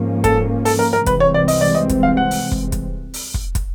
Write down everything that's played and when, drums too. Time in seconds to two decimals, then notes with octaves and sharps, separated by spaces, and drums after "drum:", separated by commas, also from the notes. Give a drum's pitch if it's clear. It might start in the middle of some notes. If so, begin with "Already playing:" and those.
Already playing: G#2 F3 A#3 C#4
0.24 A4, drum: kick, hi-hat
0.65 A4, drum: open hi-hat
0.79 A#4
0.93 A#4
1.06 C2 C3 E3 G#3 C4 B4, drum: kick, hi-hat
1.20 C#5
1.34 D5
1.48 D#5, drum: open hi-hat
1.61 D5
1.75 D#5
1.89 drum: kick, hi-hat
2.03 F5
2.17 F#5
2.31 drum: open hi-hat
2.51 drum: kick
2.72 drum: kick, hi-hat
3.14 drum: open hi-hat
3.34 drum: kick
3.55 drum: kick, hi-hat